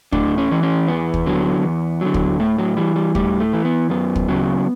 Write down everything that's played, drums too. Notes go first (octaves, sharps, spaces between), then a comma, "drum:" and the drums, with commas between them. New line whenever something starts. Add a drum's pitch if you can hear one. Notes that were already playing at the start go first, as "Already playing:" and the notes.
A2 D4, drum: kick
C#4
E3
C#4
E2 B3
drum: kick
D3 F#3
E2
D3 F#3
drum: kick
A2 A3
F#3
E3 G3
G3
A2 G3, drum: kick
A3
E3
B3
F#2 B3
drum: kick
C#3 F#3